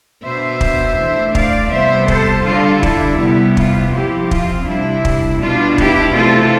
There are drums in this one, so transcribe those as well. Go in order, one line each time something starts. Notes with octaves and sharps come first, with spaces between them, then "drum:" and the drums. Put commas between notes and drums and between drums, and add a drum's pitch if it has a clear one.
B2 B3 D4 C5 E5
drum: kick
E3 A3 D4
D5 F5, drum: kick
C3 G3 B3 C5 E5
A4 C5, drum: kick
D3 G3 D4 F4 A4
E4, drum: kick
C3 G3 B3
F4, drum: kick
C3 F3 C4 E4 G4
F4, drum: kick
C3 G3 D4 E4
drum: kick
B2 G3 B3 D4 F4
E4 G4, drum: kick
C3 E3 A3 C4 F4 A4